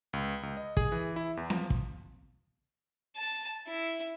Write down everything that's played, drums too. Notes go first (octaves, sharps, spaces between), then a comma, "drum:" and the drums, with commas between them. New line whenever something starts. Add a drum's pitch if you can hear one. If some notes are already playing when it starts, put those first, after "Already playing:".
C#2
C#2
D#5
G#4, drum: kick
E3
E4
E2
F3, drum: snare C4
drum: kick
A5
E4